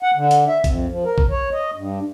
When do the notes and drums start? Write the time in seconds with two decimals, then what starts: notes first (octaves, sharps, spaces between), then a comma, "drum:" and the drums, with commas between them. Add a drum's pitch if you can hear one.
0.03 F#5
0.16 D3
0.31 drum: hi-hat
0.48 E5
0.64 F2, drum: kick A#1, hi-hat
0.90 F3
1.05 A#4
1.18 drum: kick A#1
1.30 C#5
1.52 D#5
1.75 G2